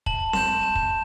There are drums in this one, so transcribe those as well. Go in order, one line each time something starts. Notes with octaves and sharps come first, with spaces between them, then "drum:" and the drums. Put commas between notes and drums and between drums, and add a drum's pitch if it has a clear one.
A5 F#7, drum: kick
C6 G6 E7, drum: snare C4
A5
drum: kick